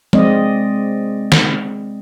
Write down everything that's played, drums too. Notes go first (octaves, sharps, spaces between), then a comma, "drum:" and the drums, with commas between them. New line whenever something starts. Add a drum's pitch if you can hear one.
G#3 C4 D5 D#5, drum: tom F3
drum: snare